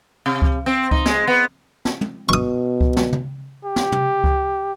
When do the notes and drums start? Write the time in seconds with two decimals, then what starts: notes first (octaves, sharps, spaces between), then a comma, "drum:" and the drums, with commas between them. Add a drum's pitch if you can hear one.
0.26 C3
0.42 drum: kick C#2
0.66 C4
0.91 D#4, drum: kick C#2
1.06 G#3, drum: snare
1.27 B3
1.85 drum: snare
2.01 drum: tom
2.29 B2 C#6 D#6
2.81 drum: kick C#2
2.97 drum: snare
3.12 drum: tom
3.65 G4
3.76 drum: snare
3.92 drum: tom
4.24 drum: kick C#2